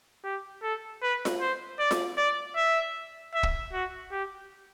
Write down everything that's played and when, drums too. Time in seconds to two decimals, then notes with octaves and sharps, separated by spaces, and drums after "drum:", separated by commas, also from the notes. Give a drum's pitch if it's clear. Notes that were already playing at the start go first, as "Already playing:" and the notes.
0.24 G4
0.63 A4
1.02 B4
1.25 drum: snare F4
1.41 C5
1.79 D5
1.91 drum: snare F4
2.18 D5
2.56 E5
3.34 E5
3.43 drum: kick
3.73 F#4
4.12 G4